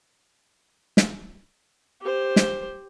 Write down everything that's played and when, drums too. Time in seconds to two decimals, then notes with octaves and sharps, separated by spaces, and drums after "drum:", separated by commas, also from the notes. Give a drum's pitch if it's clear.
0.97 drum: snare
2.01 G4 C5
2.36 drum: snare